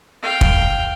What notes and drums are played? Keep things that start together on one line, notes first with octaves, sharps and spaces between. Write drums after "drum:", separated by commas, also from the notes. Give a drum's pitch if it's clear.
F5 G5
drum: kick